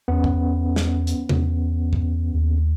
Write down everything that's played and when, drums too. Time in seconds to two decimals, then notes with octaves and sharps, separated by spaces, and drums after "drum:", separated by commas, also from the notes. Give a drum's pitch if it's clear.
0.08 E2 B3 C#4
0.24 drum: kick
0.76 drum: snare
1.07 drum: hi-hat
1.29 E2, drum: tom C3
1.93 drum: kick
2.34 D#2